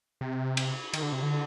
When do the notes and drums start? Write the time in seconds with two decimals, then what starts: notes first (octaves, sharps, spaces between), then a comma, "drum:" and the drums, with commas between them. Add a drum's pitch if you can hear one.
0.21 C3
0.57 drum: cymbal
0.93 D#3, drum: cymbal
1.03 D3
1.12 C3
1.23 D3